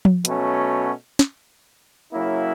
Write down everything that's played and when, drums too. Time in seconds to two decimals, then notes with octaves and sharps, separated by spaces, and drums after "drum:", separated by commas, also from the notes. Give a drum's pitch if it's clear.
0.05 drum: tom F3
0.25 B2 F#3 A3 C#4, drum: hi-hat
1.19 drum: snare
2.12 C#3 F#3 A#3 C#4 E4